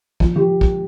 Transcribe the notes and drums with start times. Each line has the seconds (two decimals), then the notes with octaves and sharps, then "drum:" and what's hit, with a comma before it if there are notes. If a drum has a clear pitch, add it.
0.20 F3, drum: kick
0.36 F3 G4
0.61 drum: kick